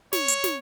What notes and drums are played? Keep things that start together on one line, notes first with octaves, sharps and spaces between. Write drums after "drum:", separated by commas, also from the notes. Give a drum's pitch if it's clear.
C#5, drum: snare
drum: hi-hat
drum: snare